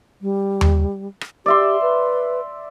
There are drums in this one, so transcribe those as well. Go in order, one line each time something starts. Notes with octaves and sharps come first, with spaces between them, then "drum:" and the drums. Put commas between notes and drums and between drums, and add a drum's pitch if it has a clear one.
G3
drum: tom D#2
drum: rim click
G4 D5 E5 C6
B4